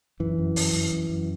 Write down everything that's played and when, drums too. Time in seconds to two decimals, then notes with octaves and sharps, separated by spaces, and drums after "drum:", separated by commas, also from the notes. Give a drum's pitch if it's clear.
0.20 F#2 E3
0.38 F#2
0.56 F#2, drum: open hi-hat
0.74 F#2
0.92 F#2
1.09 F#2